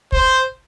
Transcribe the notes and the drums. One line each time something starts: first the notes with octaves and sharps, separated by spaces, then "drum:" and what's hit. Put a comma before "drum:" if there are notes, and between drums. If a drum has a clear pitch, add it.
C5, drum: kick